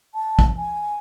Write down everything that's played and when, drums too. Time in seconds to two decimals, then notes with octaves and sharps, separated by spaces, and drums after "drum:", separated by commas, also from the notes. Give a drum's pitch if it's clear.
0.14 A5
0.39 drum: kick
0.57 G#5